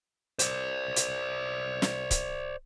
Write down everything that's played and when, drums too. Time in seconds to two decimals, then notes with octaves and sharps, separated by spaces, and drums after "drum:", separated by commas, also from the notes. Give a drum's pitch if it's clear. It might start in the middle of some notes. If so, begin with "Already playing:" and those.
0.39 C5 D5, drum: hi-hat
0.96 drum: hi-hat
1.82 drum: snare
2.11 drum: kick C#1, hi-hat